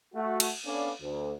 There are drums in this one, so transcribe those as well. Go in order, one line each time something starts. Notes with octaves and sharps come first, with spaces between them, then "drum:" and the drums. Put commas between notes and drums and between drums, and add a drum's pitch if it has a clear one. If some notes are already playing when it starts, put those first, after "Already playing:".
A3 F#4 F#5
drum: cymbal
B3 C#4 D4 A4 D5 F5
D2